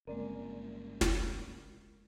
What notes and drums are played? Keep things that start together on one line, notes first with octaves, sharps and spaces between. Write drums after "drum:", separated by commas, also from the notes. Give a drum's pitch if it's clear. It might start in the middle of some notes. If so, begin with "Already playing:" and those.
G1 C#3 G#3 A#3 C4 A#4 D5
drum: snare